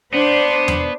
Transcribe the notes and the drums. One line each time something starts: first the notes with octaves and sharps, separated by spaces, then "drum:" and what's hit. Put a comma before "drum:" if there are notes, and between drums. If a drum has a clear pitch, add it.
B3 D4 C5
drum: tom E2